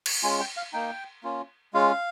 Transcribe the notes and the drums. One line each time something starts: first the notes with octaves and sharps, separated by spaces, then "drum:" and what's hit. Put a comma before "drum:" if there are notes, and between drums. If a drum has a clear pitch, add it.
drum: cymbal
G#3 C#4 F4 G#5
G5
F5
A#3 D#4 G5
A#3 C#4 F4
G#3 C#4 F4 F5